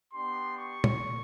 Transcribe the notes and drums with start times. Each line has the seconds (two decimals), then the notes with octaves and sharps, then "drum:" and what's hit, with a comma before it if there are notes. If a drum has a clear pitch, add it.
0.14 B3 D4 G4 C6
0.57 C#6
0.84 drum: tom